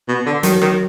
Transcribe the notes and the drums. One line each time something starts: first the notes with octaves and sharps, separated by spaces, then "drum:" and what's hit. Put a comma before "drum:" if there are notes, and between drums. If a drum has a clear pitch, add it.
B2
D3
D#3 F#3, drum: hi-hat
D#3, drum: rim click